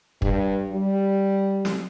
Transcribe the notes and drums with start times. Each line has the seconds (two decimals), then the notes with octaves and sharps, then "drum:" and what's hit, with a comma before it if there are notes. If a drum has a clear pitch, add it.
0.22 G2, drum: kick
0.72 G3
1.65 drum: snare